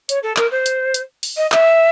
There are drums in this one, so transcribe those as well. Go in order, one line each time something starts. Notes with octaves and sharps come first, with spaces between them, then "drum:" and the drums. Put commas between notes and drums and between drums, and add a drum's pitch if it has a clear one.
C#5, drum: hi-hat
A4
A#4, drum: clap
C5
drum: hi-hat
drum: hi-hat
drum: open hi-hat
D#5
E5, drum: clap